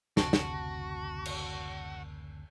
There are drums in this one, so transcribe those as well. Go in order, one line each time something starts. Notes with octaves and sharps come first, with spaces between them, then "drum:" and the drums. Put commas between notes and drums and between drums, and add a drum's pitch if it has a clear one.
F#1 D2 C3 F#4 A5 C#6, drum: snare
drum: snare
drum: cymbal